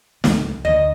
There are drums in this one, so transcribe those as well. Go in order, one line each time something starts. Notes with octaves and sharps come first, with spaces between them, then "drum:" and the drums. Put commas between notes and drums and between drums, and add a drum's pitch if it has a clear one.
C#2 F3, drum: snare
D2 D#5